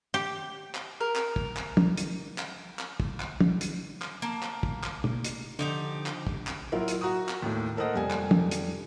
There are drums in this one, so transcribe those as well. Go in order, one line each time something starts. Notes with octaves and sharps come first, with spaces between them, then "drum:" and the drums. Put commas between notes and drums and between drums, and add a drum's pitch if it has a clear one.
G4
drum: clap
A#4
drum: clap
drum: kick
drum: clap
drum: tom
drum: hi-hat
drum: clap
drum: clap
drum: kick
drum: clap
drum: tom
drum: hi-hat
drum: clap
A#3 A5
drum: clap
drum: kick
drum: clap
drum: tom
drum: hi-hat
D3 F3 D#4 G4
drum: clap
drum: kick
drum: clap
F#3 E4 F4 A#4
drum: hi-hat
F#4 A#5 C#6 D#6
drum: clap
D#2 A2
A4 A#4 C5 D#5 F#5
F1 G3 G#5
drum: clap
drum: tom
drum: hi-hat